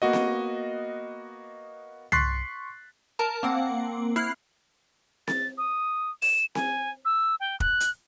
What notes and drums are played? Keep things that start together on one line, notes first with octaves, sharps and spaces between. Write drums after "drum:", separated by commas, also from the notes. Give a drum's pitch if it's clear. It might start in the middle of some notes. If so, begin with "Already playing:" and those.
A#3 B3 F#4 D#5
drum: snare C4
C6 C#6 F#6 A6 B6 C7, drum: tom
A#4 A5 A#5
A#3 C4 F#5
E4 F6 F#6 C7
A6, drum: snare C4
D#6
E7, drum: open hi-hat
G#5, drum: snare C4
E6
G5
F#6, drum: kick
drum: hi-hat